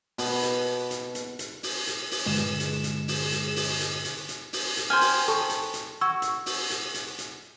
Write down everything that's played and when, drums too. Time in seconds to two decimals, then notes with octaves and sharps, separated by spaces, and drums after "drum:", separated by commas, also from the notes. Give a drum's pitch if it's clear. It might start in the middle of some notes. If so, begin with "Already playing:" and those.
0.18 B2, drum: open hi-hat
0.42 drum: hi-hat
0.91 drum: hi-hat
1.15 drum: hi-hat
1.39 drum: hi-hat
1.63 drum: open hi-hat
1.87 drum: hi-hat
2.11 drum: open hi-hat
2.26 G2 A#2 D3 G#3 E7
2.36 drum: hi-hat
2.60 drum: hi-hat
2.84 drum: hi-hat
3.08 drum: open hi-hat
3.32 drum: hi-hat
3.56 drum: open hi-hat
3.80 drum: hi-hat
4.05 drum: hi-hat
4.29 drum: hi-hat
4.53 drum: open hi-hat
4.77 drum: hi-hat
4.90 C5 G5 G#5 F6
5.01 drum: open hi-hat
5.28 A4 A5 C#6, drum: hi-hat
5.49 drum: hi-hat
5.74 drum: hi-hat
6.01 F#4 C#6 E6 G#6
6.22 drum: hi-hat
6.46 drum: open hi-hat
6.70 drum: hi-hat
6.94 drum: hi-hat
7.18 drum: hi-hat